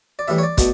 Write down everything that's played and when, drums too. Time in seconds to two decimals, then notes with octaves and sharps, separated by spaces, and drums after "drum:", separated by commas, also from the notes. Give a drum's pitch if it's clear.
0.19 D5
0.28 A2 E3 G3 E5
0.38 C#5
0.43 D5
0.58 B2 A3, drum: kick, hi-hat